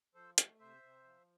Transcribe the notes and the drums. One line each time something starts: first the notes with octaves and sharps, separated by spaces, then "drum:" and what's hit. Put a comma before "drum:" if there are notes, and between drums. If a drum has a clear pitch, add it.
F3 A4 C5
A3, drum: hi-hat
C3 C5 E5
C3
F3